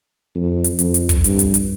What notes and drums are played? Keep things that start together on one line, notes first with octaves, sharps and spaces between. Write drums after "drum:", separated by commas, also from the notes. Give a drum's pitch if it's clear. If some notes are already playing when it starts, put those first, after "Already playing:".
F2
drum: hi-hat
F2, drum: hi-hat
drum: hi-hat
drum: kick, hi-hat
G2, drum: hi-hat
drum: hi-hat
drum: hi-hat